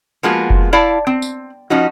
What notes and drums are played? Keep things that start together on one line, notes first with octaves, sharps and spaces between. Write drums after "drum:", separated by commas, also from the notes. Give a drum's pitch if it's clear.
F3 G#3 A#3 B3 F4 F#4
drum: kick F1
E4 D5 F5 A5
C4
drum: tambourine
F3 C#4 D#4 F#4